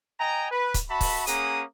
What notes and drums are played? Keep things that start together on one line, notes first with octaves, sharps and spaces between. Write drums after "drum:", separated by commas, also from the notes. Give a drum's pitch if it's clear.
D#5 G5 G#5 A#5
B4
drum: kick, hi-hat
F#4 E5 A5 B5
drum: kick, open hi-hat
A#3 C#4 G#4 F#5 A#5 D#6, drum: hi-hat